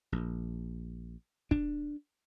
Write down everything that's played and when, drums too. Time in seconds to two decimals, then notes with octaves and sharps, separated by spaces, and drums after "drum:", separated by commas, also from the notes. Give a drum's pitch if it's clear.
0.12 A#1
1.51 D4, drum: kick